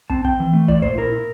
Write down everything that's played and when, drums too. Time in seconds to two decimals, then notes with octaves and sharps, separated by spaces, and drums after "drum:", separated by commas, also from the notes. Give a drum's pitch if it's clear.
0.10 C4 A5, drum: kick
0.24 C4 G5, drum: kick
0.40 E3
0.54 A3
0.68 E4 D5, drum: kick
0.82 A#2 C5, drum: kick
0.97 E4 A#4
1.12 E4